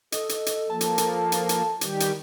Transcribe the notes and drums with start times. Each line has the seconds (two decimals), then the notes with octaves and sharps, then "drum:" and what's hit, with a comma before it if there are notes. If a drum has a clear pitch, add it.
0.12 A4 D#5, drum: hi-hat
0.29 drum: hi-hat
0.46 drum: hi-hat
0.70 F3 A#3 A5
0.81 drum: hi-hat
0.98 drum: hi-hat
1.32 drum: hi-hat
1.49 drum: hi-hat
1.81 D#3 G3 G4, drum: hi-hat
2.00 drum: hi-hat